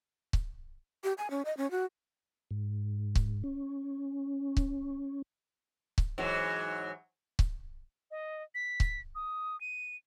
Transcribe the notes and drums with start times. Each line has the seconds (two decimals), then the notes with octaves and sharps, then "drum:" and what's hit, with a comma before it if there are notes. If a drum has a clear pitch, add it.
0.33 drum: kick C#1
1.04 G4
1.18 G#5
1.31 C#4
1.45 D#5
1.57 C#4
1.71 F#4
2.51 G#2
3.15 drum: kick C#1
3.44 C#4
4.57 drum: kick C#1
5.98 drum: kick C#1
6.18 G#2 E3 F#3
7.39 drum: kick C#1
8.11 D#5
8.55 B6
8.80 drum: kick C#1
9.15 D#6
9.61 D#7